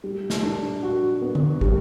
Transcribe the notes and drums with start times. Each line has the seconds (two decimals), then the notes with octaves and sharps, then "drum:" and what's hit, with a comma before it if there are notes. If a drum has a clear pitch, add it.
0.04 G3
0.30 drum: snare
0.43 D4
0.83 F#4
1.22 B3
1.35 drum: tom D3
1.61 G3, drum: kick